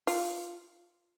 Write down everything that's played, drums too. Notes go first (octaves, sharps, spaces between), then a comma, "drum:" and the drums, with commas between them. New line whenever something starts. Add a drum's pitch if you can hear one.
F4, drum: open hi-hat